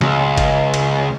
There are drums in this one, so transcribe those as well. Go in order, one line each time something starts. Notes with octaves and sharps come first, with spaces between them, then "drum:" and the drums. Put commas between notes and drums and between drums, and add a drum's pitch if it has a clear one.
C#2, drum: snare
drum: kick, cymbal
drum: cymbal